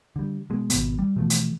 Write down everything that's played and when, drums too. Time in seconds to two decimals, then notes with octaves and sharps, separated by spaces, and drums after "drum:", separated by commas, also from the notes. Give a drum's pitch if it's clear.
0.16 D3 G3
0.50 B2 G#3
0.70 G#1 B2, drum: hi-hat
0.99 G3
1.16 B2 E3 F3 A3
1.30 drum: hi-hat